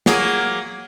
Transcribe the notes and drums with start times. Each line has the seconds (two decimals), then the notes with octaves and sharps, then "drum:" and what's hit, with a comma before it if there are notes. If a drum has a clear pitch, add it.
0.06 F#3 A#3 G#4, drum: snare